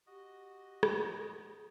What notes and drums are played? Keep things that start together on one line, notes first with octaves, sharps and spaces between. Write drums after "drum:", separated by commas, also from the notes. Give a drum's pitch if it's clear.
F#4 G4 D#5
drum: rim click